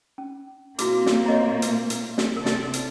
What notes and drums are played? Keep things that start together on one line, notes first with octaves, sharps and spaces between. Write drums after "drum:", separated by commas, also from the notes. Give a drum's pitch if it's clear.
C#4
A#2 A#3 C4 E4 F#4 D6, drum: hi-hat
drum: snare
C#5 D#5 A#5
drum: hi-hat
drum: hi-hat
drum: snare
C3 A4 A#4 D5
drum: snare
drum: hi-hat